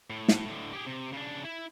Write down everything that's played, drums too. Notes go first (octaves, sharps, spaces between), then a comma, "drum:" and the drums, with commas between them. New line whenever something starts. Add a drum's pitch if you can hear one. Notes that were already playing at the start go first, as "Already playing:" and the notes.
A2
drum: snare
A2 D3
G4 G#4
C3
C#3 D4
E4